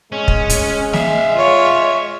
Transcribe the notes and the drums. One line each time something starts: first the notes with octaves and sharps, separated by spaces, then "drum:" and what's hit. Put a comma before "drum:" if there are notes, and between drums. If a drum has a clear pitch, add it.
G#3 C#4
drum: kick
drum: hi-hat
E5 F5, drum: snare
F4 C#5